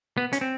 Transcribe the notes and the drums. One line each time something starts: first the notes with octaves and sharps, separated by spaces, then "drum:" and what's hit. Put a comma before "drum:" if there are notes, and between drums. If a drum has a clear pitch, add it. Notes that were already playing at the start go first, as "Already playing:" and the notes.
B3
C#4, drum: hi-hat
C4